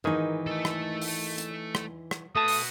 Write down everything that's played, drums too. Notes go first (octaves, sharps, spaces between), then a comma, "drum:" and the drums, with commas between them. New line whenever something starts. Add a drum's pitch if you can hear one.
G#1 D#3 E3 D#4 G#5
A3 A4
drum: rim click
drum: open hi-hat
drum: hi-hat
drum: rim click
drum: rim click
A3 F#4 B4 A5 D#6
drum: open hi-hat